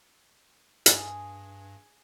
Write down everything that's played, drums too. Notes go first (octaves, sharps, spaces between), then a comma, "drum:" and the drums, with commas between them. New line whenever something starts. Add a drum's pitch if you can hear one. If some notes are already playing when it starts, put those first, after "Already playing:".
G2 G#4, drum: hi-hat